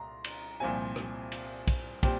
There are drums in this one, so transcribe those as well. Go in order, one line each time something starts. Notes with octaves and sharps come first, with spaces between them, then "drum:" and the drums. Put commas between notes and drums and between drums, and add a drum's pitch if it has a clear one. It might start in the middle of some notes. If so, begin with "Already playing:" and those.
Already playing: C2 A#2 A#5 C6
drum: cymbal
C2 A#2 F3 C4 F4 G#5
drum: rim click
drum: cymbal
drum: kick, cymbal
A#2 G3 C4 G5, drum: kick, cymbal